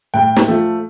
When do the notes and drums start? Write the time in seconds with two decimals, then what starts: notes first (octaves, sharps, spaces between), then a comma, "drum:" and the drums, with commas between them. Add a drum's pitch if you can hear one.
0.14 A2 G5
0.36 drum: snare
0.48 F3 A3